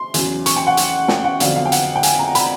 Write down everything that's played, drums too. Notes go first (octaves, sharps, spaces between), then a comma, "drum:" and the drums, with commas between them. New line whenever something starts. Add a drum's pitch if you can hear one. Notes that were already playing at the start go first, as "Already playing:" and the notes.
Already playing: C6
E2 C#3 F#3, drum: hi-hat
C#6, drum: hi-hat
G5
F#5
drum: hi-hat
G5, drum: snare
F#5
F2 D3 F#3 B3 D4 F5, drum: hi-hat
F5
G5
F#5, drum: hi-hat
G5
G#5, drum: hi-hat
A#5
B5, drum: hi-hat